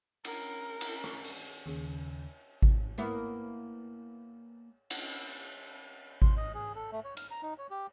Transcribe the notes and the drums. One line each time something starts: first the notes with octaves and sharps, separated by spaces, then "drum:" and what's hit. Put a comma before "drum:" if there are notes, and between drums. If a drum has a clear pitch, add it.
A#4, drum: cymbal
drum: cymbal
drum: rim click
drum: open hi-hat
D#2 C#3
drum: kick G#1
A#3 B3 E4
drum: cymbal
C6, drum: kick G#1
D#5
G#4
A4
A3
C#5
F6, drum: hi-hat
A#5
D#4
C#5
G4